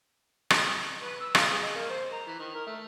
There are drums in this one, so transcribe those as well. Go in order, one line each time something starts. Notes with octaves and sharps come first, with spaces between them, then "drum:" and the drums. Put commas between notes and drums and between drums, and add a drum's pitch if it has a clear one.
drum: rim click
B4
E6
F5, drum: rim click
G#4
D#5
A#3
C5
A#5
E3
D#3
A#4
A3